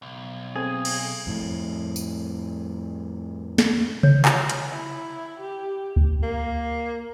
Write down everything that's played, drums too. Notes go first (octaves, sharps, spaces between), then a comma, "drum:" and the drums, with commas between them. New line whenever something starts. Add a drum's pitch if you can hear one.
B1
C4 G#4 A4 G5
drum: cymbal
F2 A2
drum: tambourine
drum: snare
C#5, drum: tom C3
drum: clap
drum: hi-hat
E4
G4
drum: kick D2
A#3